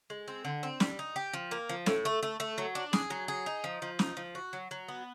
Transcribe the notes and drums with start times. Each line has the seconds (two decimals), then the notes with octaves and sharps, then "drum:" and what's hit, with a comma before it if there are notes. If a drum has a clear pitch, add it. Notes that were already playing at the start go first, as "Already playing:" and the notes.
0.10 G#3
0.28 C4
0.45 D3
0.63 C4
0.80 G3, drum: snare
0.99 D#4
1.16 G4
1.33 F3
1.51 A#3
1.69 F3
1.86 A2, drum: snare
2.05 A3
2.23 A3
2.40 A3
2.58 F#3
2.75 D4
2.93 G#4, drum: snare
3.10 F#3
3.28 G#4
3.46 D#4
3.64 F3
3.82 F3
3.99 D#4, drum: snare
4.17 F3
4.35 F#4
4.53 F#3
4.71 F#3
4.88 B3